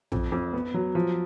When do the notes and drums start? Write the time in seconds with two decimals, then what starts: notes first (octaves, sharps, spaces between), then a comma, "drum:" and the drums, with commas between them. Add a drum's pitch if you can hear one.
0.12 F2, drum: tom A#1
0.32 F2
0.53 B3
0.74 F#3
0.95 F3